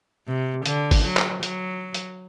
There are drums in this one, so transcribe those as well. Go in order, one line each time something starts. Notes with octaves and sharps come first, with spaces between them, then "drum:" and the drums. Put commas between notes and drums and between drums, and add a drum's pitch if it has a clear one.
C3
D3, drum: hi-hat
drum: kick G#1, open hi-hat
F#3
drum: clap
F#3, drum: hi-hat
drum: hi-hat